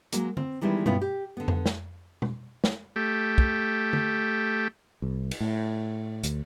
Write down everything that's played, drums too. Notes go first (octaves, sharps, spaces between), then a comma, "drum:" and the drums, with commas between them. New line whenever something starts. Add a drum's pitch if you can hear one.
F#3 G#3 A#3, drum: hi-hat
C4, drum: tom
D#3 E3 G3 G#3 B3 E4
G2 C#3 B3 C#4 E4 F4, drum: tom B2
G4
D3 B3
drum: tom F2
drum: snare
drum: tom B2
drum: snare
A3 G4
drum: kick
drum: tom
C2
drum: cymbal
A2
D2, drum: hi-hat